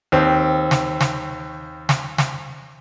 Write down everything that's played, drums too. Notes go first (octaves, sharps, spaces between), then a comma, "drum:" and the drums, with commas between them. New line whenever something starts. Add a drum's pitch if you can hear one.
D#2 C4
drum: snare
drum: snare
drum: snare
drum: snare